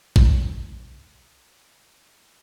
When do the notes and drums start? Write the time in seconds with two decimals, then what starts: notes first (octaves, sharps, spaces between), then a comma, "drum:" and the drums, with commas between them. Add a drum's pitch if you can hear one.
0.16 A#3 B3 D4 D#4 D5, drum: kick A1